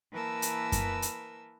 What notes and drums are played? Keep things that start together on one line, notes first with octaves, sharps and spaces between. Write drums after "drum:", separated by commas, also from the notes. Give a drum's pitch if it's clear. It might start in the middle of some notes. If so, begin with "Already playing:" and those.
E3 A#3 A#4 B4 A5 E6
drum: hi-hat
drum: kick F#2, hi-hat
drum: hi-hat